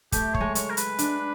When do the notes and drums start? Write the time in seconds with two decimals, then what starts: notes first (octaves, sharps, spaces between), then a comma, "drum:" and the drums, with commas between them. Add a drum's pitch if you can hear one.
0.12 A3 G4, drum: kick, hi-hat
0.34 C#5, drum: kick
0.41 G#3
0.55 C#5, drum: hi-hat
0.70 A#4
0.77 B4, drum: hi-hat
0.99 D4, drum: hi-hat